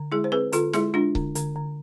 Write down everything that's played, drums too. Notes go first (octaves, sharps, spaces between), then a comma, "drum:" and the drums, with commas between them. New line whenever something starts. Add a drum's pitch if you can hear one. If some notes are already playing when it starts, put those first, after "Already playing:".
Already playing: D3
G#3 E4 G#4
C5
C4 G#4 B4
D3 F4 A4, drum: hi-hat
G#3 E4 G#4, drum: snare
G#3 D4 F4
D3, drum: kick C#1
D3, drum: hi-hat
D3